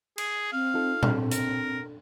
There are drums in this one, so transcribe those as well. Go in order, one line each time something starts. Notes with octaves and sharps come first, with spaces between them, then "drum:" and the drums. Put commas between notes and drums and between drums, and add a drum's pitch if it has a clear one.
G#4, drum: cymbal
C4 F5
D#4 F4 A4
C4 D4 A4, drum: tom A#2
A#4, drum: hi-hat